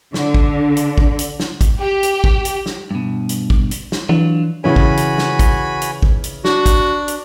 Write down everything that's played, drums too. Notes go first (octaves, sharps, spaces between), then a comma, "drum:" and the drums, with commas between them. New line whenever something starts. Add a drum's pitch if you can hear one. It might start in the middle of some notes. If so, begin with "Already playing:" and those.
D3, drum: snare
drum: kick
drum: hi-hat
drum: kick
drum: hi-hat
drum: snare
drum: kick, hi-hat
G4
drum: hi-hat
drum: kick
drum: hi-hat
drum: snare
G2 B2
drum: hi-hat
drum: kick
drum: hi-hat
drum: snare
E3 F#3 D4 F4
C#3 E3 C#4 F#4 G#5 B5
drum: kick
drum: hi-hat
drum: snare
drum: kick, hi-hat
drum: hi-hat
drum: kick
drum: hi-hat
D4 F#4, drum: snare
drum: kick, hi-hat
drum: hi-hat